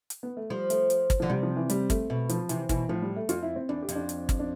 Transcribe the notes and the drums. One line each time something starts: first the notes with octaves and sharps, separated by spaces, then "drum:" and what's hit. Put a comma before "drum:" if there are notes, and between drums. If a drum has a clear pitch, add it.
drum: hi-hat
B3
A3
F3 G3
A3, drum: hi-hat
drum: hi-hat
drum: kick, hi-hat
D3 F3
C3 G3
F3
E3
G3, drum: hi-hat
A3, drum: kick, hi-hat
B2 A3
F3, drum: hi-hat
C3 E3, drum: hi-hat
B2 E3, drum: kick, hi-hat
A2 F3
G3
A3
F2 F4, drum: hi-hat
E4
C4
E2 D4
G4
F2, drum: hi-hat
D4
drum: hi-hat
drum: kick, hi-hat
D4